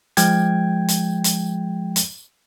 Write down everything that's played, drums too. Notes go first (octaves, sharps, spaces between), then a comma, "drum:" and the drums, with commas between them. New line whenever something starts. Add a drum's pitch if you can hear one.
F3 G#3 G5 G#6, drum: hi-hat
drum: hi-hat
drum: hi-hat
drum: hi-hat